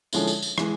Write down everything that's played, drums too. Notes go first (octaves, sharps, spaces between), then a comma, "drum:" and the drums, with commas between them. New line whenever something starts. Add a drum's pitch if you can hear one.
D3 F3 G#3 C#4 E4, drum: tambourine
drum: tambourine
drum: tambourine
E3 G#3, drum: rim click